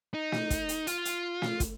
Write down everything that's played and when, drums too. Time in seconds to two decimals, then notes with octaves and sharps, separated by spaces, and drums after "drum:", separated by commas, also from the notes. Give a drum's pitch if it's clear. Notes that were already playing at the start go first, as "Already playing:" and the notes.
0.14 D#4
0.32 drum: snare
0.50 drum: kick, hi-hat
0.69 drum: hi-hat
0.87 F4, drum: hi-hat
1.05 drum: hi-hat
1.42 drum: snare
1.60 drum: kick, hi-hat